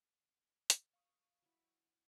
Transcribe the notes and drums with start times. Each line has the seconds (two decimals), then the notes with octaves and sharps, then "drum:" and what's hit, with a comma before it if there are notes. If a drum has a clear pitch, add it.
0.70 drum: hi-hat
0.93 F5 C#6 D#6
1.42 F#3 E4